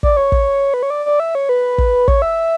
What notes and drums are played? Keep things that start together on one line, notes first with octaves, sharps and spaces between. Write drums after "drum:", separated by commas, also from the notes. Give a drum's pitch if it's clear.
D5, drum: kick
C#5
drum: kick
B4
C#5
D5
D5
E5
C#5
B4
drum: kick
C#5, drum: kick
E5